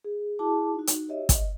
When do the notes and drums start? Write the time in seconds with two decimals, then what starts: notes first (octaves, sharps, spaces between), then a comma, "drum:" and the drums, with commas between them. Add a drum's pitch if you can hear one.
0.04 G#4
0.39 E4 F#4 G#4 A5 D6
0.74 D#4 F#4
0.87 drum: hi-hat
1.08 G4 C#5 D#5 E5
1.29 D#5, drum: kick, hi-hat